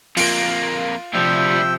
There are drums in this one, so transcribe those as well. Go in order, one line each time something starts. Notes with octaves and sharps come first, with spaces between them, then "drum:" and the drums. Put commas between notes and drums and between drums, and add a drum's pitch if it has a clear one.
F2 A#3 F4 D7, drum: open hi-hat
D2 C3 F3 G3 E5 G5 E6